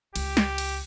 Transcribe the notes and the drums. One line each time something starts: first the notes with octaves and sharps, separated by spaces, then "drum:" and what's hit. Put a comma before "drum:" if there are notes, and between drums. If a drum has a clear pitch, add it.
C#2 G4, drum: cymbal
drum: snare
drum: cymbal